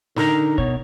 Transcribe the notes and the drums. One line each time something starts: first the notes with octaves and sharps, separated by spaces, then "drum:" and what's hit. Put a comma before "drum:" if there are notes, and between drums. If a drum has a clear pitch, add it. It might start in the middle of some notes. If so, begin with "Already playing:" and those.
D3 D#4 A#4 A#5, drum: snare
B2 C#5, drum: kick